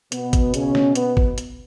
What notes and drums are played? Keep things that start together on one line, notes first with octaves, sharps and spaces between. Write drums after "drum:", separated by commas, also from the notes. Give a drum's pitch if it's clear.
B2 B3, drum: hi-hat
drum: kick, hi-hat
C#3 C#4, drum: hi-hat
drum: snare
B3, drum: hi-hat
drum: kick
drum: hi-hat